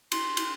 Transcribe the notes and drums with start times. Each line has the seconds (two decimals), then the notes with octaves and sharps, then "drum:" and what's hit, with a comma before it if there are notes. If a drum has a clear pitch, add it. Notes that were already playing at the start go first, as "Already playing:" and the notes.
0.12 C6, drum: cymbal
0.37 drum: cymbal